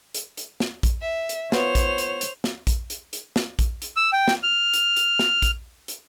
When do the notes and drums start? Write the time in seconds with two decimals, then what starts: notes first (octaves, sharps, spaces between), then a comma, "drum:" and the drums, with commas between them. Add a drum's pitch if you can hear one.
0.14 drum: hi-hat
0.37 drum: hi-hat
0.60 drum: snare
0.83 drum: kick A#1, hi-hat
1.02 E5
1.29 drum: hi-hat
1.52 B3 F4 C5 C#5 F7, drum: snare
1.75 drum: kick A#1, hi-hat
1.98 drum: hi-hat
2.21 drum: hi-hat
2.44 drum: snare
2.67 drum: kick A#1, hi-hat
2.90 drum: hi-hat
3.13 drum: hi-hat
3.36 drum: snare
3.59 drum: kick A#1, hi-hat
3.82 drum: hi-hat
3.96 E6
4.13 G5
4.28 drum: snare
4.43 F6
4.74 drum: hi-hat
4.96 drum: hi-hat
5.19 drum: snare
5.42 drum: kick A#1, hi-hat
5.88 drum: hi-hat